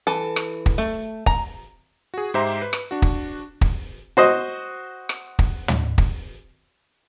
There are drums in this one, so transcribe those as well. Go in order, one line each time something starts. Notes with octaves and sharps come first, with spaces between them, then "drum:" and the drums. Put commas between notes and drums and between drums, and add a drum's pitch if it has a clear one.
E3 A4
drum: rim click
drum: kick
A3
A#5, drum: kick
F#4 G#4
G#2 G4 C5 E5 A#5 C6
B4
drum: rim click
D4 F#4
drum: kick
drum: kick
F#4 C5 D#5
drum: rim click
drum: kick
drum: tom
drum: kick